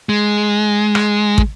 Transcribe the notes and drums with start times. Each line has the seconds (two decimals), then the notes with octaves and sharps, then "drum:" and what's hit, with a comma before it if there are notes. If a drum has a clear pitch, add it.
0.09 G#3
0.95 drum: rim click
1.38 drum: kick